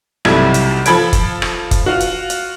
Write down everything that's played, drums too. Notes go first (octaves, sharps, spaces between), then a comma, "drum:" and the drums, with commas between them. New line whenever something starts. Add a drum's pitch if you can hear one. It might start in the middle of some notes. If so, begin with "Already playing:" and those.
B1 C3 G3 E4 A4 G#6, drum: rim click
drum: hi-hat
F3 A4 B5 G#6 D7, drum: hi-hat
drum: kick, hi-hat
drum: rim click
drum: kick, hi-hat
F4 F#4
drum: hi-hat
drum: hi-hat